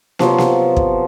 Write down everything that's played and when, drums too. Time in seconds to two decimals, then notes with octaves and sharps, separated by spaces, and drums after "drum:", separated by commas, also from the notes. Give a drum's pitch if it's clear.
0.19 C3 F3 F#3 B3, drum: snare
0.38 drum: snare
0.76 drum: kick